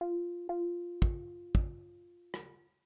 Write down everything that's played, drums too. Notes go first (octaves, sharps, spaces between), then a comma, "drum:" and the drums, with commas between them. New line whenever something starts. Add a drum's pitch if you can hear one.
F4
F4
drum: kick
drum: kick
drum: rim click